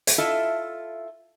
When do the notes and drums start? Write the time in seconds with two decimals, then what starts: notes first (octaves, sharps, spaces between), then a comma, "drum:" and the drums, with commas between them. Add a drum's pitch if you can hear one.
0.07 drum: hi-hat
0.18 E4 F4 A4 D#5 E5 A5